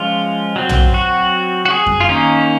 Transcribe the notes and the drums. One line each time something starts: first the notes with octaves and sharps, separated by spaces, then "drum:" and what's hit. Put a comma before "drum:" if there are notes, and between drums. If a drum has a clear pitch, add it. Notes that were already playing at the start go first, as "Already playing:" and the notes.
Already playing: F3 G#3 C#4 F4
F#3 C4
drum: tom
F#4
F#4
G#4
drum: kick F#2
F4
D#3 A#3 C#4 D#4